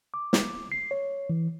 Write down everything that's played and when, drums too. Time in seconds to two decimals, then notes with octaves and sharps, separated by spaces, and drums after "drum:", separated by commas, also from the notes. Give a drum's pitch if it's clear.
0.14 D6
0.33 drum: snare
0.72 C7
0.91 C#5
1.30 E3